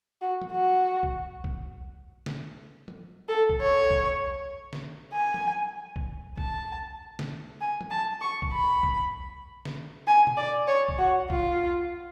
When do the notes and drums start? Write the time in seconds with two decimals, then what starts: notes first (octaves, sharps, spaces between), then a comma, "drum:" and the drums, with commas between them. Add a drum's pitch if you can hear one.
0.21 F#4
0.42 drum: tom
0.51 F#4
1.03 drum: kick B1
1.44 drum: kick B1
2.26 drum: snare
2.88 drum: tom
3.28 A4
3.49 drum: kick B1
3.60 C#5
3.91 drum: kick B1
4.73 drum: snare
5.13 G#5
5.34 drum: tom
5.96 drum: kick B1
6.38 A5, drum: kick B1
7.19 drum: snare
7.61 G#5
7.81 drum: tom
7.90 A5
8.21 C#6
8.42 drum: kick B1
8.53 B5
8.83 drum: kick B1
9.65 drum: snare
10.07 G#5
10.27 drum: tom
10.37 D5
10.68 C#5
10.89 drum: kick B1
10.98 F#4
11.30 F4, drum: kick B1